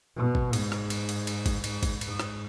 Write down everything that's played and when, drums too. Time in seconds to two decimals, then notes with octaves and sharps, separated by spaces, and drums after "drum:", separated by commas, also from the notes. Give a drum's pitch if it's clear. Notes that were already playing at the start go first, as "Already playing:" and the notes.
0.16 B2
0.35 drum: kick
0.53 G#2, drum: cymbal
0.72 drum: rim click
0.90 drum: cymbal
1.09 drum: cymbal
1.27 drum: cymbal
1.46 drum: kick, cymbal
1.64 G#2, drum: cymbal
1.83 drum: kick, cymbal
2.01 G#2, drum: cymbal
2.20 drum: rim click